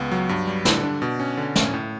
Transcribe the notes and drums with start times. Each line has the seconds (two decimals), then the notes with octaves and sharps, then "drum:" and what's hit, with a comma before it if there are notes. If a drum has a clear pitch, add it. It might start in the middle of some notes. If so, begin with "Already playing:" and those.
Already playing: C#2 B3
0.12 F#3
0.29 G2
0.47 G3
0.65 D3, drum: snare
0.83 D4
1.02 B2
1.19 C#4
1.37 D3
1.56 C#4, drum: snare
1.73 A2